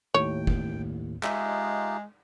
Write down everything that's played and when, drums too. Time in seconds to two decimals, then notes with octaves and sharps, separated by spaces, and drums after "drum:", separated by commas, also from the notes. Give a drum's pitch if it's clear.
0.14 D#2 A2 C#5 G5
0.47 drum: kick
1.23 G#3 D#4 F4 G4 E5, drum: clap